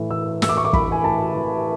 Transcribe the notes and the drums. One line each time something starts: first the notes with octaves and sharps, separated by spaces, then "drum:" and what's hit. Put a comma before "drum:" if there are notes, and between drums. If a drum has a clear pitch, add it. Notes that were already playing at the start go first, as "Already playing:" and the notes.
Already playing: A2 E3
E3 E6
A2 E6, drum: snare
D6
C#6
D6
E3 B5, drum: kick
G#5
A2 A5
E3